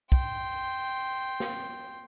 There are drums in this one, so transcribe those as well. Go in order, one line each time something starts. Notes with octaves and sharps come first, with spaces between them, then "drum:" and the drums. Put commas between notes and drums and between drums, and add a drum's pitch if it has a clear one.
G5 C6, drum: kick
drum: snare